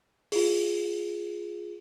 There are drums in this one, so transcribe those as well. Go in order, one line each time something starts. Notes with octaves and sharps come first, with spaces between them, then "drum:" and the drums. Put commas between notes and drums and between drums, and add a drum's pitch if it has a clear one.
F4 G#4, drum: open hi-hat